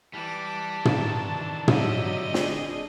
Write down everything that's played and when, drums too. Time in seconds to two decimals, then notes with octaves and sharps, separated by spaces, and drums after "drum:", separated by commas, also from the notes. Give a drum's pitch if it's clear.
0.14 E3 G3 A5 D6
0.85 D#3 E3 D4, drum: tom
1.68 D3 F#3 G3 D#5 E5, drum: tom
2.34 D4 G#4, drum: snare